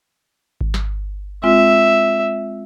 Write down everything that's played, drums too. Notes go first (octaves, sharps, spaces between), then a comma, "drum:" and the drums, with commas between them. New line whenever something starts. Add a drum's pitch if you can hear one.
drum: kick G#1
drum: snare
G#3 C4 F4 E5